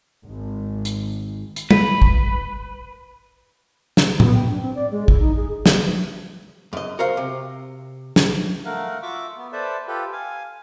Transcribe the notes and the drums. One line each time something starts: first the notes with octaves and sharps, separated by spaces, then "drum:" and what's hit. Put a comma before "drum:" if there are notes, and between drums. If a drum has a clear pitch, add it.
G#1
drum: hi-hat
drum: hi-hat
B4, drum: tom
drum: kick
drum: snare
B3, drum: tom A2
G5
D4
C4
D5
G#3
E4, drum: kick
D#4
G#4
drum: snare
F#2 D#5
F#4 A#4 C5 F5
C3
drum: snare
A3 A#4 F5 F#5
F4 F#4 E5 C#6 D6 E6
B3
A4 B4 C5 D5 E5 A5
F4 G4 A4 B4
F5 G#5